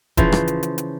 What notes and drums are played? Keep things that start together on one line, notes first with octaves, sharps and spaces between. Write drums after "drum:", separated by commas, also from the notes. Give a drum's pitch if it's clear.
C#3 E3 F3 C5, drum: kick E1, hi-hat
drum: rim click
drum: hi-hat
drum: hi-hat
drum: hi-hat